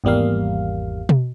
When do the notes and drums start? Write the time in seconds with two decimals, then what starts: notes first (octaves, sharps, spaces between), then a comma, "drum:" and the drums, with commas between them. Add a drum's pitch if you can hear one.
0.04 G#1 E2 G3 A#3 F5
1.09 drum: tom B2